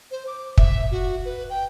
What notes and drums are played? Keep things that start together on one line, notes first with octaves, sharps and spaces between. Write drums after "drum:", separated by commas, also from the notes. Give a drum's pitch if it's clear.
C5
D6
E5, drum: kick
F#4
B4
G5